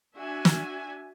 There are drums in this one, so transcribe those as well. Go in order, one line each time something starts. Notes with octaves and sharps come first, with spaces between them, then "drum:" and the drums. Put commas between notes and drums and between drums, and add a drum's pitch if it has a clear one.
D4 F#4 E5 G#5
drum: snare